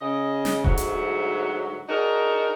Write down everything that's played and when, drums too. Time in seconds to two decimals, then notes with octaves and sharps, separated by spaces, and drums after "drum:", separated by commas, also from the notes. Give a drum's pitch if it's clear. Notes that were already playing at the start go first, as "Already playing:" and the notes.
0.01 C#3 D#5
0.45 drum: snare
0.64 D2 G#2 F#3 F#4 E5, drum: kick D#1
0.77 drum: hi-hat
1.89 D4 D#4 F#4 G#4 A#4